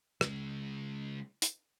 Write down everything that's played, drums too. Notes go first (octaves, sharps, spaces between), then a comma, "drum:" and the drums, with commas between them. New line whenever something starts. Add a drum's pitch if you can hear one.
C#3 G#3, drum: rim click
drum: hi-hat